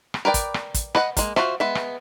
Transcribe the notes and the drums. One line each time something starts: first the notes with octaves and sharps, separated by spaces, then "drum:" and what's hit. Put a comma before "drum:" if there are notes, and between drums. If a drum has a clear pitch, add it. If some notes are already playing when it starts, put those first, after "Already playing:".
drum: rim click
A#4 B4 D5 G5
drum: kick, hi-hat
drum: rim click
drum: kick, hi-hat
B4 D#5 F#5, drum: rim click
G#3 A#3, drum: kick, hi-hat
F4 F#4 C5 E5, drum: rim click
G#3 B3 E5
drum: rim click